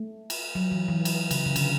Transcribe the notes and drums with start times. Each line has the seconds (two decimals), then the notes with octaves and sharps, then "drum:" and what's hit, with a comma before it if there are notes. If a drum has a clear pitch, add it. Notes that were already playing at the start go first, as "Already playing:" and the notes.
Already playing: A3
0.30 drum: cymbal
0.55 F#3
0.71 E3
0.88 E3
1.05 drum: cymbal
1.31 C#3, drum: cymbal
1.46 C#3
1.56 D3, drum: cymbal